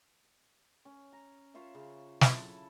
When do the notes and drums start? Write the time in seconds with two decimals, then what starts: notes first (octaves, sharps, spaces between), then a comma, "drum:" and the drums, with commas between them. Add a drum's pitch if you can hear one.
0.85 C#4
1.13 A#5
1.54 F4 C5 C#5 E5
1.75 C#3
2.21 E4 A4 A5, drum: snare